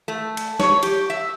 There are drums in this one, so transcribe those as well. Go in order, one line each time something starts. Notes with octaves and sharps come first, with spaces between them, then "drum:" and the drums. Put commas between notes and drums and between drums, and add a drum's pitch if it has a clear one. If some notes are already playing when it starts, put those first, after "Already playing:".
A3
drum: cymbal
C#5, drum: snare
G4, drum: cymbal
E5